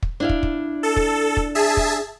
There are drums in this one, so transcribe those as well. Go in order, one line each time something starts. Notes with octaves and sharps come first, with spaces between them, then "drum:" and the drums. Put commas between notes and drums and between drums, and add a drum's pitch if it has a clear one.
drum: kick
D4 E4 F5
drum: kick
drum: kick
A4
drum: kick
drum: kick
G#4 E5 A5
drum: kick